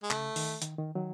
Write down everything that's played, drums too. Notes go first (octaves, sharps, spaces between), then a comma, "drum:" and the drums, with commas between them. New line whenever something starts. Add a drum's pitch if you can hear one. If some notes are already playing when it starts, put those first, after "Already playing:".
G#3
C#3 A3, drum: clap
D#3, drum: open hi-hat
D#3, drum: hi-hat
D#3
D#3 F#3